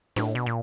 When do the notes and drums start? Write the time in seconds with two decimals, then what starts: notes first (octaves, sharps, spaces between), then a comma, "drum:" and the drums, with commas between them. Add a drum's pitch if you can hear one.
0.16 A2, drum: snare D4
0.35 B2
0.46 A#2